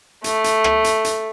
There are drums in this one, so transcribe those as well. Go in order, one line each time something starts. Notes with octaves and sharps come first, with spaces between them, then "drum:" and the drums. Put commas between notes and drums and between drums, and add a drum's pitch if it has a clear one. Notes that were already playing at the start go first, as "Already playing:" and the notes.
A3, drum: hi-hat
drum: hi-hat
drum: rim click
drum: hi-hat
drum: hi-hat